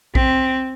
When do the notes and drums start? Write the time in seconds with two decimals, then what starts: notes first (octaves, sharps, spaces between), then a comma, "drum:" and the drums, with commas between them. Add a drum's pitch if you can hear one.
0.15 C4, drum: kick A#1